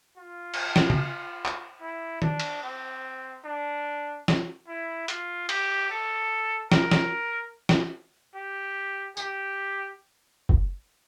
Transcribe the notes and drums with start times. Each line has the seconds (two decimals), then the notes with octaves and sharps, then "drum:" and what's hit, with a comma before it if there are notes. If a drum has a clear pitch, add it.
0.17 F4
0.54 drum: cymbal
0.76 drum: snare
0.90 drum: tom
1.45 drum: clap
1.81 E4
2.22 D4, drum: tom
2.40 drum: cymbal
2.63 C4
3.44 D4
4.28 drum: snare
4.67 E4
5.08 F4, drum: hi-hat
5.49 G4, drum: cymbal
5.90 A4
6.72 A#4, drum: snare
6.91 drum: snare
7.69 drum: snare
8.35 G4
9.17 G4, drum: tambourine
10.49 drum: kick